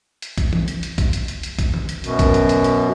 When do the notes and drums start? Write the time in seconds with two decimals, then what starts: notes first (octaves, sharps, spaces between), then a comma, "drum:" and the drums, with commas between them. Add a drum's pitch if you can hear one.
0.22 drum: hi-hat
0.38 drum: kick A#1, hi-hat
0.53 drum: tom
0.68 drum: hi-hat
0.83 drum: hi-hat
0.98 drum: kick A#1, hi-hat
1.13 drum: hi-hat
1.28 drum: hi-hat
1.43 drum: hi-hat
1.59 drum: kick A#1, hi-hat
1.74 drum: tom D#3
1.89 drum: hi-hat
2.04 F#2 B2, drum: hi-hat
2.19 drum: kick A#1, hi-hat
2.34 drum: hi-hat
2.49 drum: hi-hat
2.64 drum: hi-hat